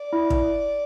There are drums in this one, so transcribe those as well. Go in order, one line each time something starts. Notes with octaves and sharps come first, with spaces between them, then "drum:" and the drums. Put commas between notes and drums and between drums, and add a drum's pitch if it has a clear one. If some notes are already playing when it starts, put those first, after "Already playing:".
Already playing: D5
E4
drum: kick